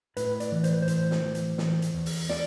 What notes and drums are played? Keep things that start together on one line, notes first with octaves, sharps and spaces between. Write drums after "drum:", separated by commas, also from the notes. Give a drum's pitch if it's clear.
A2 B4, drum: hi-hat
D5, drum: hi-hat
E3
C5, drum: hi-hat
B4
C5
A2, drum: hi-hat
drum: snare
E3
drum: hi-hat
E3, drum: snare
drum: hi-hat
E2
drum: open hi-hat
D5, drum: snare